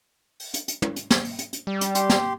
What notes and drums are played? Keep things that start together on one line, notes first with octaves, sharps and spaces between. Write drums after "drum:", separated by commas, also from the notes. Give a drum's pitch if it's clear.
drum: open hi-hat
drum: hi-hat
drum: hi-hat
drum: tom
drum: hi-hat
drum: snare
drum: open hi-hat
drum: hi-hat
drum: hi-hat
G3
drum: hi-hat
G4 C6, drum: hi-hat
drum: snare